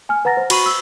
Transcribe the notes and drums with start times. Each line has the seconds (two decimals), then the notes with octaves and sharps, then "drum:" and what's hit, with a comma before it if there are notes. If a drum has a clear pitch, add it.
0.09 G#5 F6
0.25 B4 F#5 A#5 A6 A#6
0.37 C5
0.50 F#4 B5 C#6 D#7 F#7, drum: cymbal
0.66 E6